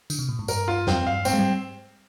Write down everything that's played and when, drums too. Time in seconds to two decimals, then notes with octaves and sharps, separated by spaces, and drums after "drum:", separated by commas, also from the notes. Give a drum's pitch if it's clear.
0.10 D3, drum: tambourine
0.19 C3
0.29 A#2
0.39 G#2
0.48 G2 A#4, drum: tambourine
0.68 F4
0.87 F2 C4, drum: snare
1.06 G2 F5
1.25 G#2 C4, drum: tambourine
1.33 G#3
1.38 G3